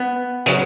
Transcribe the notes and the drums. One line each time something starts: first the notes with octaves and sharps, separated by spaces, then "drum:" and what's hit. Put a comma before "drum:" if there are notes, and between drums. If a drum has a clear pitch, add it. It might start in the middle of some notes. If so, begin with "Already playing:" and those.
Already playing: B3
C#3 F#3, drum: hi-hat